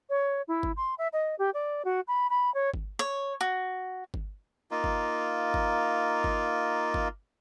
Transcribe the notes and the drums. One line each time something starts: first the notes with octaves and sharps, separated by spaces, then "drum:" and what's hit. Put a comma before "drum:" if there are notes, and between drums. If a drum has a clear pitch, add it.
C#5
E4
drum: kick G1
C6
E5
D#5
G4
D5
F#4
B5
B5
C#5
drum: kick G1
C#5
F#4
drum: kick G1
A#3 D#4 F4
drum: kick G1
drum: kick G1
drum: kick G1
drum: kick G1